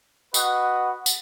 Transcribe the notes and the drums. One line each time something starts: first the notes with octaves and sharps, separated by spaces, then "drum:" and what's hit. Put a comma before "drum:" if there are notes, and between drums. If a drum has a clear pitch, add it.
F#4 B4 D#5 F#5, drum: tambourine
drum: tambourine